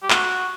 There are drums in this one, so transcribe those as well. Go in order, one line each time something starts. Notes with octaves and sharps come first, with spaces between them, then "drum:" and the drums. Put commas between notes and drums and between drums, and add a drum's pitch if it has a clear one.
G4
F#4, drum: clap